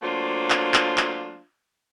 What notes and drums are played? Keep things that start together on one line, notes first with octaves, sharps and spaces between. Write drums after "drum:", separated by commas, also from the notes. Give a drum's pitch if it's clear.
F#3 A3 A#3 C4 D4 F4
drum: clap
drum: clap
drum: clap